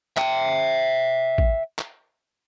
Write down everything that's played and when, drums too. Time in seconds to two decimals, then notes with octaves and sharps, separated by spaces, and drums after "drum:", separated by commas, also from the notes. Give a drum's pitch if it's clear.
0.17 E5 G5, drum: clap
1.38 drum: kick
1.79 drum: clap